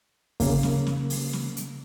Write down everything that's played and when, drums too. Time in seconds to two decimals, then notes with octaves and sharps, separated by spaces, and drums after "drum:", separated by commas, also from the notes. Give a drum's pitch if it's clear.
0.40 C#3 A#3, drum: kick, open hi-hat
0.63 drum: snare
0.87 drum: snare
1.10 drum: open hi-hat
1.33 drum: snare
1.57 drum: hi-hat